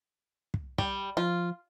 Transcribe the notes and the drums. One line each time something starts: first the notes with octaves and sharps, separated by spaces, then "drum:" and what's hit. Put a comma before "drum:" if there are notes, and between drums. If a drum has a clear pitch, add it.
drum: kick
G3, drum: kick
F3 F4